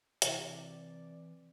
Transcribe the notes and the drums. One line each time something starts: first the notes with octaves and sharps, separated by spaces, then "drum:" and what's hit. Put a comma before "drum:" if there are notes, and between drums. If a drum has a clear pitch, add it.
C3 E3 E4 D5, drum: hi-hat